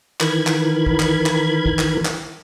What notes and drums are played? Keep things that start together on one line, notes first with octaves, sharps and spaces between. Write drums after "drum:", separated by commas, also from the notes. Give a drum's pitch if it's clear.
D#3 E3 A#4 B5 G#6, drum: clap
drum: clap
drum: kick
drum: clap
drum: clap
drum: kick
drum: clap
drum: clap